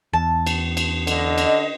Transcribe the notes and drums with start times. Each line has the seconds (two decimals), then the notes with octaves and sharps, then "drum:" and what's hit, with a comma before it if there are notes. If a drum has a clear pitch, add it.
0.13 E2 A5
0.47 drum: cymbal
0.77 drum: cymbal
1.07 D3 D#5, drum: cymbal
1.38 drum: cymbal